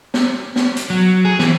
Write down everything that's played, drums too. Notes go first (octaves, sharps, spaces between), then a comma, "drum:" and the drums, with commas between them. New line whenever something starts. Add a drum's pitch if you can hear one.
drum: snare
drum: snare
drum: hi-hat
F#3
G#4
E3, drum: snare